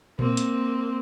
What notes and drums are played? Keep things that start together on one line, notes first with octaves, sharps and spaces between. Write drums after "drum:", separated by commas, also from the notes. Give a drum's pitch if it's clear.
A#3 C4, drum: tom A#2
drum: hi-hat